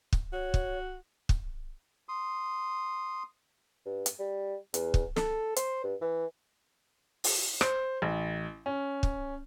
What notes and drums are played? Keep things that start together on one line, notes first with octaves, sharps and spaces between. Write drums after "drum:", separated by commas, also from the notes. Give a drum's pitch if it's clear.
drum: kick
F#4 C#5
drum: kick
drum: kick
C6 D#6
G2
drum: hi-hat
G3
E2, drum: hi-hat
drum: kick
A4, drum: snare
C5, drum: hi-hat
G2
E3
drum: open hi-hat
C5, drum: rim click
A1
C#4
drum: kick